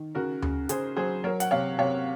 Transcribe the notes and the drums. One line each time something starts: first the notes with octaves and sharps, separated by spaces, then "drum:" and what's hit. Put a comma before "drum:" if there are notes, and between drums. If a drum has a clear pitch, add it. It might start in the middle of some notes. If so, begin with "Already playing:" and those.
Already playing: D#3
C#3 F#4 A#4
C#3, drum: tom D2
C#3 G#4 C5, drum: hi-hat
F#3 G#4 C5
F#3 A#4 C#5
F#5, drum: hi-hat
C3 C#5 F5
C3 C#5 F5